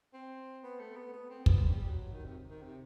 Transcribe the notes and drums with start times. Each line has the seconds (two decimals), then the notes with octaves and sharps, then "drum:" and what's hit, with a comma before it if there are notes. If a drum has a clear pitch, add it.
0.14 C4
0.63 B3
0.80 A3
0.96 B3
1.13 B3
1.30 C4
1.46 B3, drum: kick
1.63 G3
1.78 G3
1.88 F#3
2.13 D#3
2.25 C3
2.50 D#3
2.63 C3